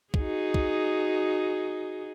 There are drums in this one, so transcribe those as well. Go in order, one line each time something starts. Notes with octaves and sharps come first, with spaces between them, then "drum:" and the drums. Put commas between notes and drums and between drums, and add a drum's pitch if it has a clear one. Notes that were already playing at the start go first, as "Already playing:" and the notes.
D#4 F#4 G#4, drum: kick
drum: kick